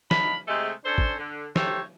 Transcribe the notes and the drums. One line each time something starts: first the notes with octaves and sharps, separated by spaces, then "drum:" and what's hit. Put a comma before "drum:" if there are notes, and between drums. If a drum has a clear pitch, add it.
D4 D#4 F5 B5, drum: snare
C3 G#3 A3
C#4 D4 A4 C5
drum: kick
D3
D#4 G4 A4 C5 C#5 E5, drum: snare